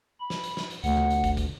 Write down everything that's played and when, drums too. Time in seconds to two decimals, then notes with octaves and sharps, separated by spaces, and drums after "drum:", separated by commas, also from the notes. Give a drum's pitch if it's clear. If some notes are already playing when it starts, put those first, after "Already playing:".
0.20 B5
0.30 drum: snare
0.44 drum: hi-hat
0.57 drum: snare
0.70 drum: hi-hat
0.84 D2 F#5, drum: hi-hat
0.97 drum: tom D3
1.10 drum: hi-hat
1.24 drum: kick, hi-hat
1.37 drum: kick, hi-hat